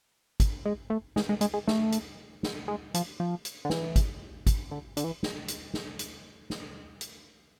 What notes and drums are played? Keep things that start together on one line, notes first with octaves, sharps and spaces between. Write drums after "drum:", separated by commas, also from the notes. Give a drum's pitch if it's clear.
drum: kick, hi-hat
G#3
A3
G#3, drum: snare
G#3
G#3, drum: hi-hat
G#3
A3, drum: snare
drum: hi-hat
drum: snare
G#3
F3, drum: hi-hat
F3
drum: hi-hat
D3
E3, drum: snare
drum: kick, hi-hat
drum: kick, hi-hat
D3
D3, drum: hi-hat
E3
drum: snare
drum: hi-hat
drum: snare
drum: hi-hat
drum: snare
drum: hi-hat